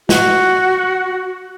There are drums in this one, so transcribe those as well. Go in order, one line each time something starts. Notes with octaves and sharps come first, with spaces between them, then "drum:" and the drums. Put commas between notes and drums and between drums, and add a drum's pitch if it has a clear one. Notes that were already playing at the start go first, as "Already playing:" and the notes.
F#4, drum: snare